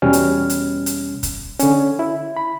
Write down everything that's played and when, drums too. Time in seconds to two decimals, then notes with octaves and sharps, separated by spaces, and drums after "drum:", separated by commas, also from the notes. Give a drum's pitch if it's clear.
0.02 E2 B2 G3 C#4 F6
0.13 drum: hi-hat
0.50 drum: hi-hat
0.86 drum: hi-hat
1.23 drum: kick, hi-hat
1.59 D3 C#4, drum: hi-hat
1.99 E4
2.37 B5